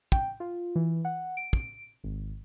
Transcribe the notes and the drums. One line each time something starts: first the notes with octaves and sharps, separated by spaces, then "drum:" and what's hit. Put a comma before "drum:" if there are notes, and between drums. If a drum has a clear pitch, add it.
G5, drum: kick
F4
E3
F#5
D7
drum: kick
G#1